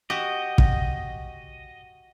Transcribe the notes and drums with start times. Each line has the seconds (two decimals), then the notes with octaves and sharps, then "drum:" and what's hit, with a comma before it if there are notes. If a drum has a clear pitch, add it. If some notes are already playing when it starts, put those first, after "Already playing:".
0.10 F#4 G4 D#5
0.58 drum: kick